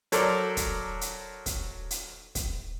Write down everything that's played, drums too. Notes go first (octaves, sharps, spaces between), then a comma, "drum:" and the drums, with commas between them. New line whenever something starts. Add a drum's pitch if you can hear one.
F#3 A4 A#4 C5 D5, drum: hi-hat
drum: kick, hi-hat
drum: hi-hat
drum: kick, hi-hat
drum: hi-hat
drum: kick, hi-hat